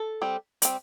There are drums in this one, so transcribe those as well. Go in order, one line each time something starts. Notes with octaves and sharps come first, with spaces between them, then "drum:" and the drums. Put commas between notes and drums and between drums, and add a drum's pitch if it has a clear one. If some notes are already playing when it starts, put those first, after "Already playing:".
Already playing: A4
G3 C4
G3 C4, drum: hi-hat